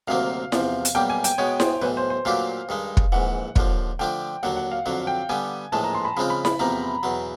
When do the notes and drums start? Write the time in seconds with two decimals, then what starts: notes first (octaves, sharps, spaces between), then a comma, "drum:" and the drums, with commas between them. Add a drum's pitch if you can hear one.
0.08 D2 C3 D#3 F#3 A#3 F5
0.52 E2 C3 F3, drum: snare E4
0.85 drum: hi-hat
0.95 B1 B2 G3 A#3 G5
1.10 G#5
1.24 G5, drum: hi-hat
1.38 B2 G#3 B3 C#5
1.60 C5, drum: snare E4
1.81 B1 A2 E3 B4
1.97 C5
2.10 C5
2.25 A#2 F#3 A3 D4 G4 F5
2.69 G2 D#3 G#3
2.97 drum: kick
3.12 A#1 G#2 E3 F#5
3.56 D#2 D3 F3, drum: kick
3.99 D3 F3 A3 D4 G5
4.43 D#2 D3 F#3 F#5
4.57 F#5
4.72 F5
4.86 F2 D3 F#3 F#5
5.07 G5
5.29 D3 G3 B3 G#5
5.72 A#1 A2 E3 G#3 A5
5.84 A#5
5.95 C6
6.05 B5
6.17 C#3 F3 G#3 C4 F4 B5
6.30 B5
6.45 B5, drum: snare E4
6.59 E2 C3 F3 A3 A#5
7.03 E2 B2 F#3